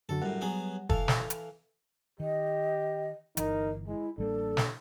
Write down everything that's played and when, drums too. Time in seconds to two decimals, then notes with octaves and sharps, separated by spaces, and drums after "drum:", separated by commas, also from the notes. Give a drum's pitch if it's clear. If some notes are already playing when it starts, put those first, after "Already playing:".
0.09 F#2 D3 F#4 A4
0.22 F#2 A2 G3 F#5
0.41 F#3 B3 G#4
0.90 E3 A4 F5, drum: kick
1.08 drum: snare
1.30 drum: hi-hat
2.20 D#3 G4 D#5
3.37 G1 E3 D#4 A#4, drum: hi-hat
3.87 G#3 E4
4.18 A1 G3 A#3 D4 A4
4.57 drum: snare